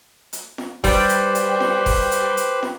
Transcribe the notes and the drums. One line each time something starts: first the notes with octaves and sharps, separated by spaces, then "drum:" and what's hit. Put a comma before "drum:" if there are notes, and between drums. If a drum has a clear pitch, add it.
drum: hi-hat
drum: snare
G3 G4 B4 C5, drum: kick F1, open hi-hat
drum: hi-hat
drum: hi-hat
drum: snare
drum: kick F1, open hi-hat
drum: hi-hat
drum: hi-hat
drum: snare